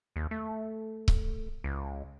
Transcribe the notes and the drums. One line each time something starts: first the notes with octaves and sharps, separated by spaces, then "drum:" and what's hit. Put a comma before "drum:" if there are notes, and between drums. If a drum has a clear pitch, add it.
D#2
A3
drum: kick C#1
C#2